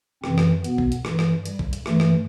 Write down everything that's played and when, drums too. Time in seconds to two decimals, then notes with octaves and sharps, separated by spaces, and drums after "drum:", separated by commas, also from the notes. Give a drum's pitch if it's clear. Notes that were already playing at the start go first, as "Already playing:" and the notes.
0.24 F#2 C3 E3 C4, drum: rim click
0.38 drum: rim click
0.64 B2 B3, drum: hi-hat
0.78 drum: kick B1
0.92 drum: hi-hat
1.05 G2 E3, drum: rim click
1.19 drum: rim click
1.46 G3, drum: hi-hat
1.59 drum: kick B1
1.73 drum: hi-hat
1.86 G2 E3 A3, drum: rim click
2.00 drum: rim click